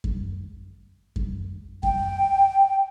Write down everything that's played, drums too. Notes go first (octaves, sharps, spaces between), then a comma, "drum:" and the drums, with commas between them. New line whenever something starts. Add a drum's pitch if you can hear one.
drum: kick F#2
drum: kick F#2
G5, drum: kick F#2